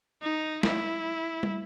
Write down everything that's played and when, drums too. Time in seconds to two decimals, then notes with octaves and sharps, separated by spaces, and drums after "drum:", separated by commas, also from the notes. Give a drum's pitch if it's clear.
0.22 D#4
0.63 E4, drum: snare
1.43 drum: tom